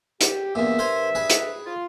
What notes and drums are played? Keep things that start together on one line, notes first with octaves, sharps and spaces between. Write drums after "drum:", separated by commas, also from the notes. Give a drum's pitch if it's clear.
G4, drum: hi-hat
E2 G2 A#2 E5
A#4 C5 G#5
G#4 B4
drum: hi-hat
F4